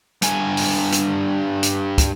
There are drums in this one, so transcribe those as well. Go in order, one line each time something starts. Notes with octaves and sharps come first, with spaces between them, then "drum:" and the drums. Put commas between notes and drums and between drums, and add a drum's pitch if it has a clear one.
G2 G#5, drum: hi-hat
drum: open hi-hat
drum: hi-hat
drum: hi-hat
drum: kick, hi-hat